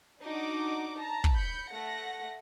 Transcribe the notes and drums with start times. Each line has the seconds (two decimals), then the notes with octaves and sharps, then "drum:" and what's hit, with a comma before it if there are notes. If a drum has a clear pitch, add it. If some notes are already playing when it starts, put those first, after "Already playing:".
0.22 D4 D#4 F#4 D6
0.99 A5 A#5
1.24 drum: kick
1.35 B5 G6 C#7
1.71 A3 F#5 A#6